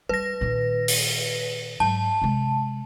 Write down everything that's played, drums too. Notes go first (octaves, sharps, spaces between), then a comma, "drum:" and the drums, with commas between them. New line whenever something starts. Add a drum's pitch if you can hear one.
G3 B4 A#6
A#2 D#3
drum: open hi-hat
G#2 F#3 A5
C3 G#3